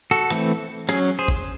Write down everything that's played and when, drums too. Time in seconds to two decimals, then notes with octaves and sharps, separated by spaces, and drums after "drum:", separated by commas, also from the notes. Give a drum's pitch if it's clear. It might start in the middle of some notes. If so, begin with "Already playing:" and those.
0.11 F#4 A4
0.30 E3 A3 C4, drum: rim click
0.89 F#3 C#4 G#4, drum: rim click
1.19 G#4 C5
1.28 drum: kick G#1